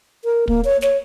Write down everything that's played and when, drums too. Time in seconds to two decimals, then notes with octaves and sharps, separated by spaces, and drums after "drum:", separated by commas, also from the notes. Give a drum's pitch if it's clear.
0.24 A#4
0.48 A#3, drum: kick
0.65 C#5
0.82 C#5, drum: snare